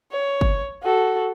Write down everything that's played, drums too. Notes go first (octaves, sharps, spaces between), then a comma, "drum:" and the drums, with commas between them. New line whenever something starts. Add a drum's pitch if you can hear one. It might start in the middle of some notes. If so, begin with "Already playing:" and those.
C#5
drum: kick G1
F#4 A4